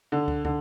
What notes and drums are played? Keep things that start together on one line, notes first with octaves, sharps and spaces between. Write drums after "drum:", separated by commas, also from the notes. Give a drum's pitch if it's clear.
D3
drum: kick
D3, drum: kick